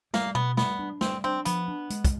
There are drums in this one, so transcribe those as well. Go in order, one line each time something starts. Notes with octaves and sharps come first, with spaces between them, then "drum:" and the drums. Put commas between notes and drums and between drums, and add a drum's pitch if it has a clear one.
G3 A#3, drum: snare
B2 B3
G3 B3, drum: snare
D4
G3 C4, drum: snare
C4 D4
F3 B3, drum: hi-hat
D4
G#3, drum: hi-hat
drum: kick, hi-hat